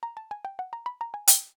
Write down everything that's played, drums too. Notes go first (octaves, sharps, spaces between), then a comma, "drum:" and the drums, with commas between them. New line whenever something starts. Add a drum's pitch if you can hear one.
A#5
A5
G#5
G5
F#5
A#5
B5
A#5
G#5
G5, drum: hi-hat